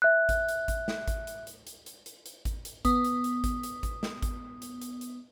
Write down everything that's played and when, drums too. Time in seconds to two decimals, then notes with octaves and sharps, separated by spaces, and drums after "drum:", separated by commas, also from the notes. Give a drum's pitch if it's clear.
0.02 E5 F#6
0.29 drum: kick G#1, hi-hat
0.49 drum: hi-hat
0.68 drum: kick G#1, hi-hat
0.88 drum: snare
1.08 drum: kick G#1, hi-hat
1.27 drum: hi-hat
1.47 drum: hi-hat
1.67 drum: hi-hat
1.86 drum: hi-hat
2.06 drum: hi-hat
2.26 drum: hi-hat
2.45 drum: kick G#1, hi-hat
2.65 drum: hi-hat
2.85 B3 D#6, drum: kick G#1, hi-hat
3.04 drum: hi-hat
3.24 drum: hi-hat
3.44 drum: kick G#1, hi-hat
3.63 drum: hi-hat
3.83 drum: kick G#1, hi-hat
4.03 drum: snare
4.22 drum: kick G#1, hi-hat
4.62 drum: hi-hat
4.82 drum: hi-hat
5.01 drum: hi-hat